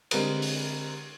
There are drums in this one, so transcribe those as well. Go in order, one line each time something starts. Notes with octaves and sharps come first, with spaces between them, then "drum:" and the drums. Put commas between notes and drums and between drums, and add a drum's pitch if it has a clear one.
D3 G#3 C4 G4 A#4 B4, drum: cymbal
drum: open hi-hat